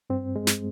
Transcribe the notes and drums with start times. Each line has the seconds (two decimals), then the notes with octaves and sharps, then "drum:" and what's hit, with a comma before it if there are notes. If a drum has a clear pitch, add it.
0.10 G2 C4
0.36 G#3
0.47 drum: snare